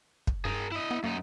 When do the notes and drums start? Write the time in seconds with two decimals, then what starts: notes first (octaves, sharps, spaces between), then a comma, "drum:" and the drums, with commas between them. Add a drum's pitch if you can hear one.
0.27 drum: kick
0.45 G2 G#4 A#4
0.72 E4 D#5
0.91 B3
1.04 F#2 A#3 D#4